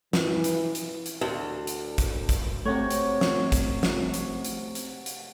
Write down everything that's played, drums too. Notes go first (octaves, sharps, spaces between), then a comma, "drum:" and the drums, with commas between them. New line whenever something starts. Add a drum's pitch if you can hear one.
E3, drum: snare
drum: hi-hat
drum: hi-hat
drum: hi-hat
D2
drum: hi-hat
drum: kick, hi-hat
drum: kick, hi-hat
C3 A3 C4 F#4 C#5
drum: hi-hat
drum: snare
drum: kick, hi-hat
drum: snare
drum: hi-hat
drum: hi-hat
drum: hi-hat
drum: hi-hat